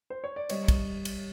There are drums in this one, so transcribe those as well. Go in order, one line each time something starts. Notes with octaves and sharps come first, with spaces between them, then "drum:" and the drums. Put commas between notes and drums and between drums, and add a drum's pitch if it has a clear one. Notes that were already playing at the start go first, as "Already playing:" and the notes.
C5
C#5
D5
G3 C#5 D#5, drum: cymbal
drum: kick, cymbal
drum: cymbal